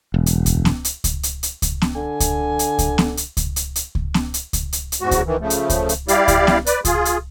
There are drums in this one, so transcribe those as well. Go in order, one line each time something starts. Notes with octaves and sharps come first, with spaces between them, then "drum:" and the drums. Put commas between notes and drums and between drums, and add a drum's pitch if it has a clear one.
E1
drum: hi-hat
drum: kick C#2, hi-hat
drum: snare B3
drum: hi-hat
drum: kick C#2, hi-hat
drum: hi-hat
drum: hi-hat
drum: kick C#2, hi-hat
drum: snare B3
D3 G#5
drum: kick C#2, hi-hat
drum: hi-hat
drum: kick C#2, hi-hat
drum: snare B3
drum: hi-hat
drum: kick C#2, hi-hat
drum: hi-hat
drum: hi-hat
drum: kick C#2
drum: snare B3
drum: hi-hat
drum: kick C#2, hi-hat
drum: hi-hat
drum: hi-hat
E2 G#2 G#3 F#4
drum: kick C#2, hi-hat
D#3 E3
C#3 F3 A3
drum: hi-hat
drum: kick C#2, hi-hat
drum: hi-hat
G3 E4 G4 D5 F5, drum: hi-hat
drum: kick C#2, hi-hat
drum: snare B3
B4 D5, drum: hi-hat
F4 G#4, drum: kick C#2, hi-hat
drum: hi-hat